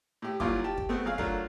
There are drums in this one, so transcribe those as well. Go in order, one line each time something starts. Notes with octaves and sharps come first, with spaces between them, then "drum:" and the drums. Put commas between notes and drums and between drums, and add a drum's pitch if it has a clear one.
A2 G4
C2 A#2 F#3 F4 C6 D6, drum: kick
G4 A5
drum: kick
A3 B3 C4 F#4
F#3 G#4 F5
F#3 A3 D4 F4 A#4 F5, drum: kick